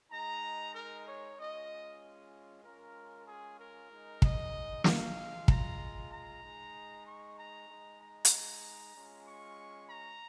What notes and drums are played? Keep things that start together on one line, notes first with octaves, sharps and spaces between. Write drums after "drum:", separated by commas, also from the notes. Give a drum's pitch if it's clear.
G#3 D#4 A#5
A#4
C#5
G#3 C#4 F4 D#5
G#3 C#4 F4 A#4
G#4
A#4
G#3 D#4
D#5, drum: kick
F5, drum: snare
G#3 F4
A#5, drum: kick
A#5
G#3 D#4
C#6
A#5
G#3 D#4
A#5
drum: hi-hat
G#3 C#4 F4
C#6
A#5